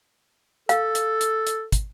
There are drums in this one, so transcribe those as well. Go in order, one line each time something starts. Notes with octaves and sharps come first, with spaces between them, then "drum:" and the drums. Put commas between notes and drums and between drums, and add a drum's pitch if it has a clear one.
A4 F5, drum: hi-hat
drum: hi-hat
drum: hi-hat
drum: hi-hat
drum: kick, hi-hat